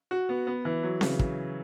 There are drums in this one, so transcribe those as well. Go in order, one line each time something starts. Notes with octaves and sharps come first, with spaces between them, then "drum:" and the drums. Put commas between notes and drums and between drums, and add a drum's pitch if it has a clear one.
F#4
B3
B3
E3
F#3
C#3, drum: snare C4
drum: kick